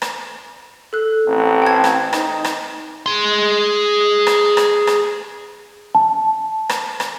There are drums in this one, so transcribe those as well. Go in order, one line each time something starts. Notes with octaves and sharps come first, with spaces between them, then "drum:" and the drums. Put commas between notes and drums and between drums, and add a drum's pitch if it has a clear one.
drum: rim click
A4 F#6
A1 C4
G5 A5 G#6
drum: rim click
D#4, drum: rim click
drum: rim click
G#4 C6
drum: rim click
drum: rim click
drum: rim click
A5
drum: rim click
drum: rim click